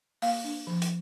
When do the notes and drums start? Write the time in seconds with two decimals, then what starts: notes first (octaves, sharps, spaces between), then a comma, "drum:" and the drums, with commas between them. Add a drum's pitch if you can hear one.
0.22 A#3 F5, drum: open hi-hat
0.44 D4
0.67 F3
0.82 drum: hi-hat